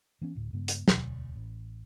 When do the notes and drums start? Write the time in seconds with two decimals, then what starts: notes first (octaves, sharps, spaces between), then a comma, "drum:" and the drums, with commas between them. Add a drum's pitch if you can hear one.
0.21 E3 B3 C#4
0.35 D2 A2
0.53 G2 C#3 G#3 B3
0.68 drum: hi-hat
0.88 E1 D2 B2, drum: snare
1.36 A1